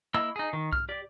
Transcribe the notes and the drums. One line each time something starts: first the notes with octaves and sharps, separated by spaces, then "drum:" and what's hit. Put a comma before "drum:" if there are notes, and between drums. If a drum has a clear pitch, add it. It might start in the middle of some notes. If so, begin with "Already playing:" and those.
A#3 E4 D#5 E6
D#4 G#4
D#3
F6, drum: kick B1
G4 D5